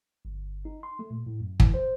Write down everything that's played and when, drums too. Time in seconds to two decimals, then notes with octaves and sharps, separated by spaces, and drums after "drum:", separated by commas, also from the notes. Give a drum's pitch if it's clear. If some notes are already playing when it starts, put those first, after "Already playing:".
0.25 G1
0.65 D#4
0.83 C6
0.99 A3
1.11 A#2
1.26 A2
1.40 F#2
1.60 E3, drum: kick
1.74 C5